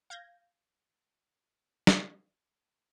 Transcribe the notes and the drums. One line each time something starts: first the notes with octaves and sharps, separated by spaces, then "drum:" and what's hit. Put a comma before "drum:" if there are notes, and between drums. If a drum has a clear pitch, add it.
F5 G6 G#6 A#6
drum: snare